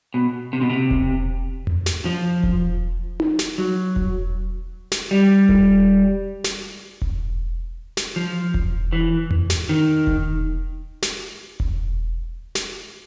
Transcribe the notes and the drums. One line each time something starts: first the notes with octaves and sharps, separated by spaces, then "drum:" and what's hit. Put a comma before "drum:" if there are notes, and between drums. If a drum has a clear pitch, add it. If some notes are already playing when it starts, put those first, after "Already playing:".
B2
C3
B2
C3
drum: kick E1
drum: tom E2
drum: snare
F3
drum: kick E1
drum: tom D#4
drum: snare
F#3
drum: kick E1
drum: snare
G3
drum: kick E1
drum: snare
drum: kick E1
drum: snare
F3
drum: kick E1
E3
drum: tom E2
drum: snare
D#3
drum: kick E1
drum: snare
drum: kick E1
drum: snare